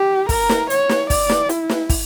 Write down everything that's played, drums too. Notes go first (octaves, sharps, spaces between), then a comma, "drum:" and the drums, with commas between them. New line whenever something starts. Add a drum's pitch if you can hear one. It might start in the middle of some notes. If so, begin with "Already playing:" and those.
Already playing: G4
A#4, drum: kick, open hi-hat
drum: snare
C#5, drum: hi-hat
drum: snare
D5, drum: kick, open hi-hat
drum: snare
E4, drum: hi-hat
drum: snare
drum: kick, open hi-hat